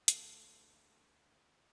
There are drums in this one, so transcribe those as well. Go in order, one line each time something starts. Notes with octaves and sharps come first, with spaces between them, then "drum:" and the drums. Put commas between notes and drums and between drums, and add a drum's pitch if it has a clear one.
D2 F4 A4, drum: hi-hat